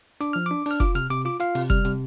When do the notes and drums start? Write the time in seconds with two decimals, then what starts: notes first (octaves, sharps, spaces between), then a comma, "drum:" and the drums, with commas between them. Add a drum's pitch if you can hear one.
0.21 D4 D6, drum: hi-hat
0.33 F3 F6
0.46 D4 D6
0.66 D4 F6, drum: open hi-hat
0.80 F4 D6, drum: kick, hi-hat
0.95 C3 F6, drum: hi-hat
1.10 C3 D6, drum: hi-hat
1.25 F4 D6
1.40 F4 F5, drum: hi-hat
1.55 C3, drum: open hi-hat
1.70 G3 F6, drum: kick, hi-hat
1.85 C3, drum: hi-hat